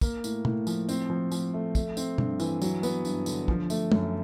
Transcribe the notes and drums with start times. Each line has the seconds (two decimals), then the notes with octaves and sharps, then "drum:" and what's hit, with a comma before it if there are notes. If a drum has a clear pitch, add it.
0.01 A#3, drum: kick, tambourine
0.24 A2, drum: tambourine
0.45 A2, drum: tom
0.67 F3, drum: tambourine
0.89 C4, drum: tambourine
1.10 F3
1.32 F3, drum: tambourine
1.54 A3
1.75 A3, drum: kick, tambourine
1.97 C4, drum: tambourine
2.18 G2, drum: tom
2.40 E3, drum: tambourine
2.62 F#3, drum: tambourine
2.83 B3, drum: tambourine
3.05 G2, drum: tambourine
3.26 D3, drum: tambourine
3.48 F3, drum: kick
3.70 A3, drum: tambourine
3.92 F#2, drum: tom